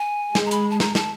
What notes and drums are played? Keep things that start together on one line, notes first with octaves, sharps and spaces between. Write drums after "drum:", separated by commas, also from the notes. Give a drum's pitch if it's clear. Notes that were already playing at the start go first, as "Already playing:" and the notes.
Already playing: G#5
G#3, drum: snare
A#5
B5, drum: hi-hat
A5
A#5, drum: snare
A5, drum: snare